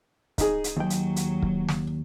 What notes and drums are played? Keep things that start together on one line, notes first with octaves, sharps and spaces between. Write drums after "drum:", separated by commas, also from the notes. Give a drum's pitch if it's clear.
D#4 G#4, drum: kick, hi-hat
drum: hi-hat
D#2 F#3 G5
drum: hi-hat
drum: hi-hat
drum: kick
drum: snare